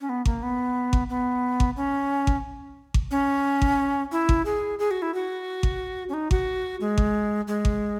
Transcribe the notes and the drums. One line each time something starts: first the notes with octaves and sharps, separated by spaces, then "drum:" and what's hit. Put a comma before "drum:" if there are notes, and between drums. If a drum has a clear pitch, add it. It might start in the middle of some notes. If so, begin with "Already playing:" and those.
C#4
B3
A#3, drum: kick G#1
B3
drum: kick G#1
B3
drum: kick G#1
C#4
drum: kick G#1
drum: kick G#1
C#4
drum: kick G#1
E4
drum: kick G#1
G#4
G#4
F#4
E4
F#4
drum: kick G#1
C#4
D#4
F#4, drum: kick G#1
G#3
drum: kick G#1
G#3
drum: kick G#1